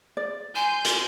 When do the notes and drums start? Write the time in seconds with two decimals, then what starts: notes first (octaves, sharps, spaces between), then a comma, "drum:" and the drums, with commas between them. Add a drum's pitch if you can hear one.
0.17 D5
0.56 G#5 C6 G6
0.85 drum: hi-hat